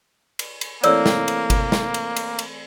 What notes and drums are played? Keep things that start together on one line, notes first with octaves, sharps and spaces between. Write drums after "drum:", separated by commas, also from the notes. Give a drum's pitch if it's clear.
drum: cymbal
drum: cymbal
E3 A3 A#3 C4 C#5 D5 E6, drum: cymbal
drum: snare
drum: cymbal
drum: kick G1, cymbal
drum: snare
drum: cymbal
drum: cymbal
drum: cymbal